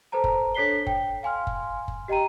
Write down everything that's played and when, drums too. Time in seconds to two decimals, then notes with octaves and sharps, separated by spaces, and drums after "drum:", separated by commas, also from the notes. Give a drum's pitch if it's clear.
0.12 A4 B4 C5 A5 A#5
0.24 drum: kick F#1
0.55 D4 A4 C#5 B6 C7 G7
0.87 G5, drum: kick F#1
1.23 F5 G#5 C6 F6
1.47 drum: kick F#1
1.88 drum: kick F#1
2.08 G4 D#5 G5 A#5 D#7